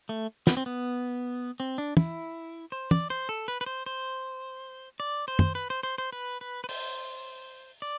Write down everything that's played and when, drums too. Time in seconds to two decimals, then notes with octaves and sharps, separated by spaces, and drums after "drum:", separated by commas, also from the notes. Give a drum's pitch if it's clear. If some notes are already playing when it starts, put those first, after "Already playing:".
0.09 A3
0.47 B3, drum: snare
0.57 C4
0.66 B3
1.60 C4
1.78 D4
1.97 E4, drum: tom
2.72 C5
2.91 D5, drum: tom
3.10 C5
3.29 A4
3.48 B4
3.61 B4
3.66 C5
3.86 C5
5.00 D5
5.28 C5
5.39 drum: tom
5.55 B4
5.70 C5
5.83 C5
5.98 C5
6.13 B4
6.41 B4
6.64 B4
6.69 C5, drum: open hi-hat
7.82 D5